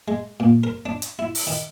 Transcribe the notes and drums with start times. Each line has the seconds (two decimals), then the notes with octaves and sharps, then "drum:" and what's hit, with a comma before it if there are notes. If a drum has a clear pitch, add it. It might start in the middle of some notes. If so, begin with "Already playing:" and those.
0.08 G#3
0.40 A#2
0.64 A#4
0.86 D4
1.02 drum: hi-hat
1.19 E4
1.35 drum: open hi-hat
1.47 D#3